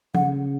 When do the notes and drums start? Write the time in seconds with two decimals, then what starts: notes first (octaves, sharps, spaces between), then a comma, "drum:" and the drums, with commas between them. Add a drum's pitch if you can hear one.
0.15 C#3 F#5, drum: tom